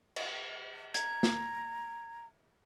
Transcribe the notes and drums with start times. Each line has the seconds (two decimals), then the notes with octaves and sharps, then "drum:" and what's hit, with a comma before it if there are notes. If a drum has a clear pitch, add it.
0.16 drum: cymbal
0.94 A#5 G#6, drum: hi-hat
1.23 drum: snare